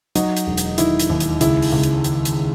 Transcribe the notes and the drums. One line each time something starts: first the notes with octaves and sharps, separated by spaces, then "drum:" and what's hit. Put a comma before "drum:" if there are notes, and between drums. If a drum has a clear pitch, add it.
F#3 D#4, drum: hi-hat
drum: hi-hat
E1
drum: hi-hat
D#3 E4, drum: hi-hat
drum: hi-hat
D#2
drum: hi-hat
C#2 E4, drum: hi-hat
drum: open hi-hat
C#2
drum: hi-hat
drum: hi-hat
drum: hi-hat